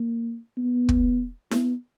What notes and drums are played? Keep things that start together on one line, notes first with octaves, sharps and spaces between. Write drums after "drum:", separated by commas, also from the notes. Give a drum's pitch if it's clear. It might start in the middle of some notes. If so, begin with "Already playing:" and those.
Already playing: A#3
B3
drum: kick
B3, drum: snare E4